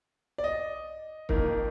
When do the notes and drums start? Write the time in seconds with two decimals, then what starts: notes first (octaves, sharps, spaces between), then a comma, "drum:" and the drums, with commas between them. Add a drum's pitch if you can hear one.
0.38 D5
0.44 D#5
1.29 F2 D#3 A#3, drum: kick C#1